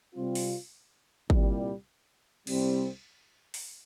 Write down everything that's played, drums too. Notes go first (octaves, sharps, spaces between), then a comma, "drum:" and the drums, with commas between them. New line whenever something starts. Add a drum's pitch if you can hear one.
C3 G3 C4 F4
drum: open hi-hat
C2 A#2 G3, drum: kick G#1
C2 C3 G3 C4, drum: cymbal
drum: open hi-hat